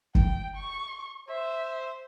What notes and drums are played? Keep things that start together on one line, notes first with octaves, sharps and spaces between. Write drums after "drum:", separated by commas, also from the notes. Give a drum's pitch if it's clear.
G5, drum: kick
C#6
C5 E5